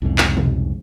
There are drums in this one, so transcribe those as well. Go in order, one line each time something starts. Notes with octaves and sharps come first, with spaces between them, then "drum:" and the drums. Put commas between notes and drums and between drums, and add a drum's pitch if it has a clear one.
C2 F2 G#2 C#3
drum: clap
drum: tom B2